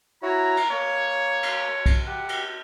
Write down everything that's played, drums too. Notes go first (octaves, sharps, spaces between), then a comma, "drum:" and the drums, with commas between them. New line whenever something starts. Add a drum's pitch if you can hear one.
E4 F#4 C#5 A#5
drum: cymbal
A#3 C#5
drum: cymbal
drum: kick B1, cymbal
G4 F#5
drum: cymbal